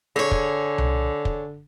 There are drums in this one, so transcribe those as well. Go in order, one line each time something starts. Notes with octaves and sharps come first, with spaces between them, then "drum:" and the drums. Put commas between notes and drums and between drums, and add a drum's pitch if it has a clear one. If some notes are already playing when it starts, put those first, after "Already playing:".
D3 G#4 C#5
drum: kick
drum: tom C2
drum: kick